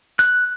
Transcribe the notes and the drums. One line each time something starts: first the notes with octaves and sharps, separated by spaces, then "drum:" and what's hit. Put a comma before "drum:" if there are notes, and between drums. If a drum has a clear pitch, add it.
F#6, drum: hi-hat